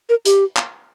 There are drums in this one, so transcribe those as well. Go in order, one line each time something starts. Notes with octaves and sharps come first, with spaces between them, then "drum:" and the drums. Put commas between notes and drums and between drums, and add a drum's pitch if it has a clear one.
A#4
G4, drum: hi-hat
drum: clap